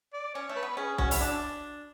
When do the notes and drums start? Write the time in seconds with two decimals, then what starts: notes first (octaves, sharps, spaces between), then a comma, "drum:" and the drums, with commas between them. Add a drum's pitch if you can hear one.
0.13 D5
0.34 C#4 C#5
0.49 A3
0.56 B4
0.63 B3
0.77 C#4 G#4
0.98 C#4 F#4, drum: kick
1.11 E4, drum: open hi-hat
1.21 D4